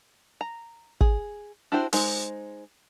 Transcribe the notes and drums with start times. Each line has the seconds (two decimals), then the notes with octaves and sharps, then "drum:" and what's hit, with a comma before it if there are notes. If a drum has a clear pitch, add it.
0.41 A#5
1.01 G#4, drum: kick
1.72 D4 E4 F#4 G4 C5
1.93 G#3 D#4 C5, drum: open hi-hat